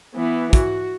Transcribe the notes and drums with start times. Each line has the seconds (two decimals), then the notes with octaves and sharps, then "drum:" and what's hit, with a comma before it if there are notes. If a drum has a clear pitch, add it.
0.15 E3 B3
0.53 F#4, drum: kick, hi-hat